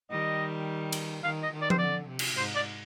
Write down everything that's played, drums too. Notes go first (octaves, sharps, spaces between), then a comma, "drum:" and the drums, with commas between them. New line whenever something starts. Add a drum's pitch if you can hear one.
D#3 G3 D#5
drum: cymbal
D#3 F5
D#5
D#3
D5
C5, drum: tom F3
D3 D5
C3
drum: cymbal
G#2 C5
D5